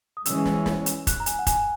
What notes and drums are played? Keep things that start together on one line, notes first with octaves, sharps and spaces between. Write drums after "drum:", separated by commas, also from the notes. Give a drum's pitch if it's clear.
D#6
E3 G#3 C#4 E6, drum: hi-hat
drum: snare
drum: snare
drum: hi-hat
F#6, drum: kick, hi-hat
A#5
G#5, drum: hi-hat
F#5
G#5, drum: kick, hi-hat